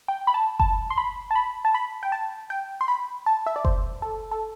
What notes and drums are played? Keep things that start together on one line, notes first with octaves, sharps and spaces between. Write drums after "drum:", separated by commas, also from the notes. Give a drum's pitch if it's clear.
G5
B5
A5
A5, drum: kick F#1
C6
B5
A5
B5
A5
B5
G5
A5
G5
C6
B5
A5
E5
D5
C5, drum: kick F#1
A4
A4